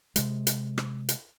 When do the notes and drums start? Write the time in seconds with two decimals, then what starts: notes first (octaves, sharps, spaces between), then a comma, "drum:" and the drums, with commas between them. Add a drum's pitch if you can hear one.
0.16 C3 G#3, drum: hi-hat
0.47 drum: hi-hat
0.78 drum: rim click
1.09 drum: hi-hat